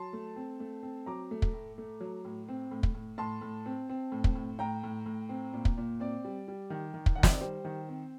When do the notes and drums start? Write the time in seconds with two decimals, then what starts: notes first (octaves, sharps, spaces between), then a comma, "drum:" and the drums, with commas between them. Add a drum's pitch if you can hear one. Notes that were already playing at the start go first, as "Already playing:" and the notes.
Already playing: F#3 A5 C6
0.13 A3
0.36 C4
0.60 A3
0.83 C4
1.06 F#3 A#5 D6
1.31 A3
1.42 drum: kick
1.54 A2
1.78 A3
2.00 F#3
2.25 A2
2.49 C4
2.71 A2
2.83 drum: kick
2.94 A2
3.18 A2 A5 C6
3.41 A2
3.66 C4
3.90 C4
4.12 A2
4.24 drum: kick
4.35 A2
4.59 A2 G5 A#5
4.84 A2
5.06 A2
5.29 C4
5.53 A#2
5.65 drum: kick
5.77 A#2
6.00 C4 D5
6.24 G3
6.48 G3
6.70 D#3
6.94 D#3
7.06 drum: kick
7.15 D#3 F#5
7.23 D#5, drum: snare
7.32 D5
7.41 G3 C5
7.65 D#3
7.89 C4